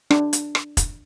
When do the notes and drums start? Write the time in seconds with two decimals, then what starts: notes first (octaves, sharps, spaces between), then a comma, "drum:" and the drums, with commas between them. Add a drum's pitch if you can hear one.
0.11 D4, drum: rim click
0.33 drum: hi-hat
0.55 drum: rim click
0.77 drum: kick F1, hi-hat